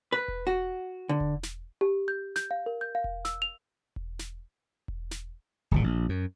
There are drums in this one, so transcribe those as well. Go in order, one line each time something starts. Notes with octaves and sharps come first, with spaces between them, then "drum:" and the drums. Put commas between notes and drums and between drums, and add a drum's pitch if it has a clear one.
B4
drum: kick E1
F#4
D3
drum: kick E1
drum: snare
G4
G6
G6, drum: snare
F5
A#4
G6
F5
drum: kick E1
E6, drum: snare
F7
drum: kick E1
drum: snare
drum: kick E1
drum: snare
D1 G#1 A#2
A#1
F#2